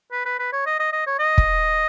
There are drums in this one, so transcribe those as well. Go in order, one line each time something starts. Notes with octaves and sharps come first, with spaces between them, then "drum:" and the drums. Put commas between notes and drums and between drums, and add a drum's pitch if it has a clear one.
B4
B4
B4
C#5
D#5
D#5
D#5
C#5
D#5
drum: kick